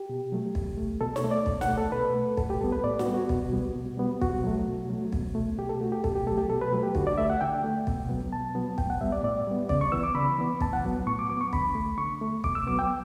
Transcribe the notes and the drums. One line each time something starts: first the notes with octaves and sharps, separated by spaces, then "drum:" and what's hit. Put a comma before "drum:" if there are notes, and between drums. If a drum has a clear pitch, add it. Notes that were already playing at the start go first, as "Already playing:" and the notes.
Already playing: G4
B2
F#3 A3
B2, drum: kick
A3
B2 A4
C#5, drum: snare
A3
D5
B2, drum: kick
F#5, drum: snare
A3
A4
B2 B4
A3
A2 A4, drum: kick
G4
G3 B3 A4
B4
A2 D5
F#4, drum: snare
G3 B3
F#4
B2, drum: kick
G3 B3
B2
G3 B3
B2 F#4, drum: kick
F#3 A3
B2
F#3 A3
B2, drum: kick
A3
B2 G4
A4
A3 F#4
G4
B2 A4, drum: kick
G4
F#3 A3 A4
G4
B2 A4
B4
F#3 A3
G4
D3 F#4, drum: kick
D5
A3 E5
F#5
D3 G5
A3
B2, drum: kick
F#3 B3
B2 A5
F#3 B3
A2 G5, drum: kick
F#5
G3 B3 E5
D5
A2 D5
G3 B3
C#3 D5, drum: kick
C#6
E3 B3 E6
D6
C#3 B5
E3 B3
A2 A5, drum: kick
F#5
F#3 B3
A2 C#6
D6
F#3 B3 D6
C#6
D3 B5, drum: kick
A3
D3 C#6
A3
B2 D6, drum: kick
E6
F#3 B3 D6
G5